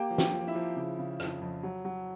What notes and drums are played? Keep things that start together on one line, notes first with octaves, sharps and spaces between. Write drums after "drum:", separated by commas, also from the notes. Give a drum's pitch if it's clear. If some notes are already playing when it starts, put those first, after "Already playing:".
Already playing: A#3 G4 G5
F3
G4 G5, drum: snare
F3
E4 E5
F3
C#3
C#3
F2, drum: rim click
F2
F#3
F#3